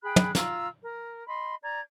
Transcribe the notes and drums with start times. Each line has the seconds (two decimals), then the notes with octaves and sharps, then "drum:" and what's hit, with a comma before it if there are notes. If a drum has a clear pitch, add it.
0.03 G#4 G5 B5 F#6
0.16 drum: tom
0.35 F4 A#5 E6, drum: snare
0.83 A#4
1.27 D#5 B5 C6
1.62 D5 A#5 G#6